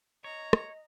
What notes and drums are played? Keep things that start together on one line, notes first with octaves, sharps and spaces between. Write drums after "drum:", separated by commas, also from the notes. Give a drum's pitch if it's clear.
C#5 D#5 A#5
drum: rim click